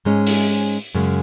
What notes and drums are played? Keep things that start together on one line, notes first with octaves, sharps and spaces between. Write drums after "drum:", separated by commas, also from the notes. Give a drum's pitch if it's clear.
G#2 G#3 C#4
drum: open hi-hat
F#2 C#3 G#3